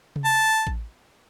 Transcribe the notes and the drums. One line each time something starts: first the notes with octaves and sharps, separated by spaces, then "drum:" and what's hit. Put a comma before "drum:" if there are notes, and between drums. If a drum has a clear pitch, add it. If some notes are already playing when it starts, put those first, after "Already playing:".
drum: tom C3
A5
drum: kick A1